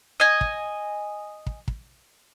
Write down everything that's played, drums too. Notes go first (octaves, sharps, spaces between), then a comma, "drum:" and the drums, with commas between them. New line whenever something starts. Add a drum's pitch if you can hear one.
D#5 G#5
drum: kick
drum: kick
drum: kick